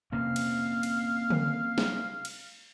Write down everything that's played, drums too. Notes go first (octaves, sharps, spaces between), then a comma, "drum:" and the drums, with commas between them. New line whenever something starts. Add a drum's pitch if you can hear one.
C3 A#3 C#4 F5
drum: cymbal
drum: cymbal
drum: tom D3
drum: snare
drum: cymbal